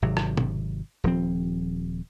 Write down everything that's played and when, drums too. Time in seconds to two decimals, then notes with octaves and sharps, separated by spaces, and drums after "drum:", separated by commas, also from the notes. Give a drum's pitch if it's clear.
0.02 G#1 C3 F#3
0.17 drum: rim click
0.37 drum: tom
1.04 D#1 F3 C4